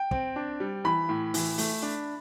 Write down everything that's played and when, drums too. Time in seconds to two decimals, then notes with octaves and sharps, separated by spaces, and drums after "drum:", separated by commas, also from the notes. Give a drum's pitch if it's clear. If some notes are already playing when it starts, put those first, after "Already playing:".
Already playing: G5
0.11 C4, drum: kick
0.36 D4
0.60 G3
0.84 E3 B5
1.09 A2
1.34 E3, drum: open hi-hat
1.58 A3, drum: open hi-hat
1.82 D4